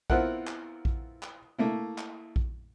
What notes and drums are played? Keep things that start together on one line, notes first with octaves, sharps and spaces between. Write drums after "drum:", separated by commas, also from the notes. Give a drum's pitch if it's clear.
B3 C4 E4 F4 A#4 F#5, drum: kick A#1
drum: clap
drum: kick A#1
drum: clap
A3 A#3 E4
drum: clap
drum: kick A#1